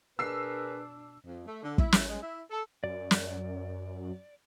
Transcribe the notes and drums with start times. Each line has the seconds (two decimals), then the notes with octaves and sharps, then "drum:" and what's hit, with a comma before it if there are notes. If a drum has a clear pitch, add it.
0.19 B2 D4 G#4 A#4 B4 E6 C7
1.24 F2
1.46 A3
1.63 D3
1.78 E4, drum: kick
1.92 drum: snare
2.08 G#3
2.22 E4
2.51 A4
2.84 F#2 D5
3.11 drum: snare